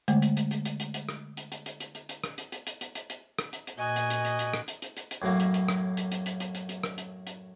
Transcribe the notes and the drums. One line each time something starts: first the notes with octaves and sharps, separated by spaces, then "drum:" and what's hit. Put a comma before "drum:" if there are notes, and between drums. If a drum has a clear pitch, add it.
D3 G#3 A3, drum: hi-hat
drum: hi-hat
drum: hi-hat
drum: hi-hat
drum: hi-hat
drum: hi-hat
drum: hi-hat
drum: rim click
drum: hi-hat
drum: hi-hat
drum: hi-hat
drum: hi-hat
drum: hi-hat
drum: hi-hat
drum: rim click
drum: hi-hat
drum: hi-hat
drum: hi-hat
drum: hi-hat
drum: hi-hat
drum: hi-hat
drum: rim click
drum: hi-hat
drum: hi-hat
A#2 F#4 D#5 G#5
drum: hi-hat
drum: hi-hat
drum: hi-hat
drum: hi-hat
drum: rim click
drum: hi-hat
drum: hi-hat
drum: hi-hat
drum: hi-hat
F#2 A2 F#3 A#3
drum: hi-hat
drum: hi-hat
drum: rim click
drum: hi-hat
drum: hi-hat
drum: hi-hat
drum: hi-hat
drum: hi-hat
drum: hi-hat
drum: rim click
drum: hi-hat
drum: hi-hat